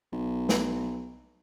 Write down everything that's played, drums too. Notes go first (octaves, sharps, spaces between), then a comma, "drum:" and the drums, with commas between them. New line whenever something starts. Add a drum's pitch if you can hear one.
B1
drum: snare